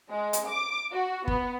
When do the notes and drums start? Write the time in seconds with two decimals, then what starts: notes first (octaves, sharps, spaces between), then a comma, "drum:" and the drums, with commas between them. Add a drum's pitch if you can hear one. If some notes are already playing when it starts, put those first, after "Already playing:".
0.11 G#3
0.33 drum: hi-hat
0.49 D6
0.93 F#4
1.28 B3, drum: kick